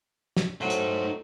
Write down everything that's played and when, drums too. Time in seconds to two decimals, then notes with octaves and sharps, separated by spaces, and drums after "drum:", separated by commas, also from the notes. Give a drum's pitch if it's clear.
0.37 drum: snare
0.61 A2 F#3 D#4 C5
0.70 drum: hi-hat